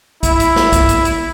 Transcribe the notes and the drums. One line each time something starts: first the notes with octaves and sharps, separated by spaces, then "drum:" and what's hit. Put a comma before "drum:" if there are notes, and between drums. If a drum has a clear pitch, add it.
E4, drum: kick B1, hi-hat
drum: hi-hat
drum: snare
drum: kick B1, hi-hat
drum: hi-hat
drum: hi-hat